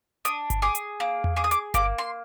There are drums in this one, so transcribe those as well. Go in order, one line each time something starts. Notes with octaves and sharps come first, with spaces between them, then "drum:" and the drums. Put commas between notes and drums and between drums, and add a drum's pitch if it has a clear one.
D4 D#6, drum: hi-hat
drum: kick G1, hi-hat
G#4 D6
drum: hi-hat
A#3
drum: tom E2
G#4 D6
D#6
D6, drum: hi-hat
A#3 D6, drum: kick G1, hi-hat
C6